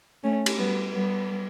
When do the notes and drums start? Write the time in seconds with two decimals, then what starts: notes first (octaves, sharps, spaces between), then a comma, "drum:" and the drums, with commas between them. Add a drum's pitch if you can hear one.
0.23 A3 C#4
0.46 drum: cymbal
0.57 G3 B3
0.92 G3 B3